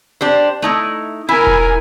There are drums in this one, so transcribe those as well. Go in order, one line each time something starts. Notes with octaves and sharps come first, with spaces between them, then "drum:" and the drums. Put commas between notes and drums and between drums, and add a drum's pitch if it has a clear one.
D4 G4 C5
A3 D#4 E4
E4 A#4 G#5
drum: kick E1